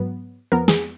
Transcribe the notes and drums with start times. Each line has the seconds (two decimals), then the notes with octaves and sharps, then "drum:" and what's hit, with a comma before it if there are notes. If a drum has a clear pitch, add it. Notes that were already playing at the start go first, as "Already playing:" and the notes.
Already playing: G#2 F#3 B3
0.52 F2 F3 B3 A#4
0.68 G#4, drum: snare